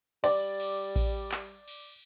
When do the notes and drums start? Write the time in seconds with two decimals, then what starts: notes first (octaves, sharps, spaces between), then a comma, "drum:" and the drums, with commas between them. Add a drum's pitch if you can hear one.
0.24 G3 D5, drum: cymbal
0.60 drum: cymbal
0.96 drum: kick A1, cymbal
1.32 drum: clap
1.68 drum: cymbal